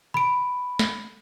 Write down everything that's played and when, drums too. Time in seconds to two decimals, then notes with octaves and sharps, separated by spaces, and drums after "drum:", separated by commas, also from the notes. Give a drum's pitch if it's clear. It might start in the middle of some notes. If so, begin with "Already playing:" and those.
0.14 B5 D7
0.79 drum: snare